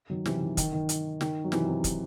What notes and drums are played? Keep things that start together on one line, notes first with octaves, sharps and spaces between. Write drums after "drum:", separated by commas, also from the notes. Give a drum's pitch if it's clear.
D#3 F#3
C3 E3, drum: snare
D#3
D#3, drum: kick, hi-hat
D#3
drum: hi-hat
D#3, drum: snare
F#3
C3 E3, drum: snare
C3
drum: kick, hi-hat